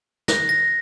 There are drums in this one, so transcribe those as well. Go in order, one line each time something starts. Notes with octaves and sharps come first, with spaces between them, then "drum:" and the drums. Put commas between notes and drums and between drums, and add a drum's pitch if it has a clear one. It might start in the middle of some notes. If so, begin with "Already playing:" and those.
F#6 A#6, drum: snare
A#6